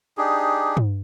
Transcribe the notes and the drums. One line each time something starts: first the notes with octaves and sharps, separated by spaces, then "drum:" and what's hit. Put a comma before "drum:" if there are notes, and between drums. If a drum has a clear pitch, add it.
D4 D#4 G4 G#4
drum: tom